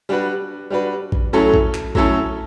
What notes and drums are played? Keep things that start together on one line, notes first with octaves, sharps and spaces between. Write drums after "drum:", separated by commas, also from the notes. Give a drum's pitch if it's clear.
G3 D4 F#4 B4
G3 D4 F#4 B4
drum: kick A1
F#3 A3 C#4 E4 A4
drum: kick A1
drum: clap
F#3 A3 C#4 E4 A4, drum: kick A1